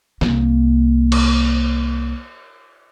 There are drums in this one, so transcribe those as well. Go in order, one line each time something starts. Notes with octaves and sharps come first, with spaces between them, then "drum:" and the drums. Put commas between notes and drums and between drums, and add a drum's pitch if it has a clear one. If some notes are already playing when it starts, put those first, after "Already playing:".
C2 A#3, drum: snare
drum: cymbal